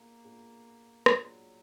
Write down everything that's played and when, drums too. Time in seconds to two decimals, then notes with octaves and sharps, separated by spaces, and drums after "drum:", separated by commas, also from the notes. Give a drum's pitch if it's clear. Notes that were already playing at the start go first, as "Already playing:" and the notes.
Already playing: A#2 G#3 A#3 B3 D4 G#4
0.24 A#2 G#3 B3 D4 G#4
1.06 A#2 F#3 G#3 B3 D4 G#4, drum: rim click